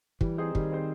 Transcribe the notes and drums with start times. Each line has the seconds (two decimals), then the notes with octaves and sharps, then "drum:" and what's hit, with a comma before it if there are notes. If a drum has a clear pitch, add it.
0.21 E3 G3, drum: kick
0.38 C4 D#4 G#4 C5
0.55 D#3 G3, drum: kick
0.71 C4 D#4 G#4 C5